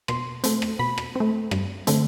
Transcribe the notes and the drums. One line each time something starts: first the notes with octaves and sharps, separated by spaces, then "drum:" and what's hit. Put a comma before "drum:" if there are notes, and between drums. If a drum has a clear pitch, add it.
B2 C6, drum: rim click
A3 C4, drum: hi-hat
drum: rim click
B2 B5
drum: rim click
A3 C4
G2, drum: rim click
D3 A3 C4, drum: hi-hat